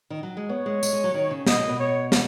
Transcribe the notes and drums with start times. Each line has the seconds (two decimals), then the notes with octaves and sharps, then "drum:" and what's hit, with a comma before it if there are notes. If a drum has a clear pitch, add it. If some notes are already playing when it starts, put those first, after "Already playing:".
0.10 D#3
0.23 F#3
0.37 G#3
0.49 B3 C#5
0.66 G#3
0.83 G#3, drum: tambourine
0.93 G#3
1.04 F#3
1.14 D#3
1.31 C#3
1.47 B2 D#5, drum: snare
1.58 F#2
1.69 B2
1.79 C#5
2.12 drum: snare